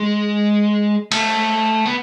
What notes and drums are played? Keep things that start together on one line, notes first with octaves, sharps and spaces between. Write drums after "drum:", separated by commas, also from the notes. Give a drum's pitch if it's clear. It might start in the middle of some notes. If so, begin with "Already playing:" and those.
Already playing: G#3
A3, drum: cymbal
B3